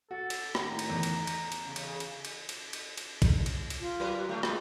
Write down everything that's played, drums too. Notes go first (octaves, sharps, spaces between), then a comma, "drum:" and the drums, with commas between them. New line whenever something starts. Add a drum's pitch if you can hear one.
F#4 A4
drum: cymbal
A2 D#3 A#5, drum: rim click
drum: cymbal
E2
drum: cymbal
drum: cymbal
drum: cymbal
C#3
drum: cymbal
drum: cymbal
drum: cymbal
drum: cymbal
drum: cymbal
drum: cymbal
drum: kick, cymbal
drum: cymbal
drum: cymbal
F4
F#3 A#4 B4
G#3 A3
G3 G#3 F4, drum: rim click